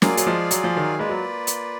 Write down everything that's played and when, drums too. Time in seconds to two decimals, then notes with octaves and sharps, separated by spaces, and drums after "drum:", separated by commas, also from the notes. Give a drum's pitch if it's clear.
0.02 F#3 A#3 F4 G#4 D5 F5 G#5, drum: snare
0.17 F#3, drum: hi-hat
0.27 F3 G#3
0.51 F#3, drum: hi-hat
0.64 F3
0.76 D#3 F#3
0.99 G#3 A#3 F4 B4 D5
1.09 F#3
1.47 drum: hi-hat